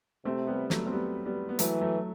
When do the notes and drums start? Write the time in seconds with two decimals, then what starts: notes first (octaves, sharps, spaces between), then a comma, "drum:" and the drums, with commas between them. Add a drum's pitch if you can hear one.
0.25 C3 A3 C4
0.47 G3 B3
0.70 F#3 A3, drum: snare
0.87 C4
0.92 G3 B3
1.25 G3 B3
1.49 B3
1.59 E3 F#3 A3, drum: hi-hat
1.81 F#3 A3